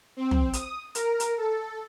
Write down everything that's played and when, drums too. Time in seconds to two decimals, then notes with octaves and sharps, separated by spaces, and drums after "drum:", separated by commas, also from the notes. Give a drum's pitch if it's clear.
0.17 C4
0.31 drum: tom
0.53 D#6, drum: hi-hat
0.95 A#4, drum: hi-hat
1.20 drum: hi-hat
1.38 A4